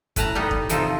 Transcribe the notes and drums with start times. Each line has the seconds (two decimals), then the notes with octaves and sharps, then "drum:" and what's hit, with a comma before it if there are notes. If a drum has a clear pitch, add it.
0.16 A2 B4 A5 A#5, drum: kick, hi-hat
0.35 G3 B3 D#4
0.51 drum: kick
0.69 C3 F3 D#4 F4 A4, drum: hi-hat